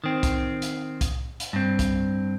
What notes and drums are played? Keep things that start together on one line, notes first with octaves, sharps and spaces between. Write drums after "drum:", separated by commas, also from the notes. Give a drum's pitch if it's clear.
D#3 C4
drum: kick, hi-hat
drum: hi-hat
drum: kick, hi-hat
drum: hi-hat
G2 C4
drum: kick, hi-hat